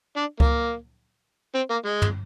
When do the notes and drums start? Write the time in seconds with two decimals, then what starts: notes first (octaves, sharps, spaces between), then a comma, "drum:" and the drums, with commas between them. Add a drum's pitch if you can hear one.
0.17 D4
0.40 A#3, drum: kick C#2
1.55 C4
1.70 A#3
1.86 G#3
2.02 drum: tom